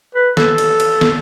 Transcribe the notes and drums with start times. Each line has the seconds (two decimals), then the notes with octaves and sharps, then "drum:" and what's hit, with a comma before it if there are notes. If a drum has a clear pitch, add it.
0.15 B4
0.37 A4, drum: snare
0.58 drum: cymbal
0.80 drum: cymbal
1.01 drum: snare